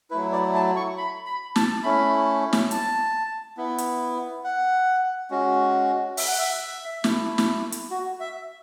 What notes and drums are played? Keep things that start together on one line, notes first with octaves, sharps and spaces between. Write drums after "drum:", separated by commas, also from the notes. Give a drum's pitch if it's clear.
F#3 A3 E4 B4
D5
A5
C#6
B5
B5
A5, drum: snare
A3 C#4 E4 B5
drum: snare
A5, drum: hi-hat
B3 E4
drum: hi-hat
F#5
G#3 C#4 F#4
E5, drum: open hi-hat
F#5
E5
A3 E4, drum: snare
drum: snare
drum: hi-hat
F#4
E5